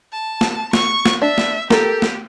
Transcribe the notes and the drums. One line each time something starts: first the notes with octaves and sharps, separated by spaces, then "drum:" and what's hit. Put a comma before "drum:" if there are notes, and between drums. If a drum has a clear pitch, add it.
A5
drum: snare
C#6, drum: snare
drum: snare
D4 E5
drum: snare
G4 A4 A#4, drum: snare
drum: snare